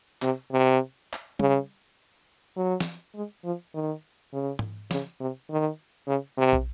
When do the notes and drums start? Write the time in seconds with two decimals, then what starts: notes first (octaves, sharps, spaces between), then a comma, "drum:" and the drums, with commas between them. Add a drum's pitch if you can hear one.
0.22 C3, drum: clap
0.52 C3
1.13 drum: clap
1.40 C#3, drum: tom
2.57 F#3
2.80 drum: snare F3
3.15 G#3
3.44 F3
3.74 D#3
4.33 C#3
4.59 drum: tom
4.91 C#3, drum: snare F3
5.20 C3
5.50 D#3
6.08 C#3
6.37 C3
6.53 drum: kick